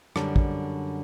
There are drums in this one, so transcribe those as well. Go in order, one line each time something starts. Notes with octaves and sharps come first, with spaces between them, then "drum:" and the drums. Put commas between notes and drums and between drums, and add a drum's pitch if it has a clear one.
F#2 D3 G3, drum: rim click
drum: kick